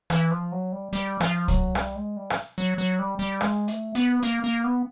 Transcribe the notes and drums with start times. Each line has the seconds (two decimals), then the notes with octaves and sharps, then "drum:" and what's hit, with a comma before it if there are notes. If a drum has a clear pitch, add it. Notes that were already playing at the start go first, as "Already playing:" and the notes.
0.10 E3, drum: rim click
0.31 F3
0.52 F#3
0.72 G3
0.93 G3, drum: hi-hat
1.21 F3, drum: rim click
1.48 F#3, drum: kick C2, hi-hat
1.75 G3, drum: rim click
1.96 G#3
2.17 G3
2.30 drum: rim click
2.58 F#3
2.78 F#3
2.99 G3
3.19 G3
3.41 G#3, drum: rim click
3.68 A3, drum: hi-hat
3.95 B3, drum: hi-hat
4.23 A#3, drum: hi-hat
4.44 A#3
4.64 B3